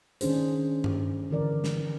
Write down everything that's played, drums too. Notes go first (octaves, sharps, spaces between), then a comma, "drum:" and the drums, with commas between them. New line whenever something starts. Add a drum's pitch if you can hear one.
D#3 C#4 D4 G#4 C5, drum: hi-hat
drum: tom G2
D3 E3 A#4 D5
drum: snare